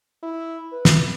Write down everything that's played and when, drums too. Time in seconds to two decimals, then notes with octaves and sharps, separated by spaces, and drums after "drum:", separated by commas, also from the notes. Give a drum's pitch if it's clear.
0.23 E4
0.72 B4
0.85 drum: snare